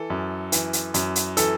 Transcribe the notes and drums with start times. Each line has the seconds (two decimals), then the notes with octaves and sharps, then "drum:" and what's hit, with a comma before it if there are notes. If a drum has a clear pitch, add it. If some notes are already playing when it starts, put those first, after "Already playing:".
Already playing: E3 A4
0.10 F#2
0.52 E3, drum: hi-hat
0.73 drum: hi-hat
0.94 F#2, drum: hi-hat
1.16 drum: hi-hat
1.37 E3 A4, drum: hi-hat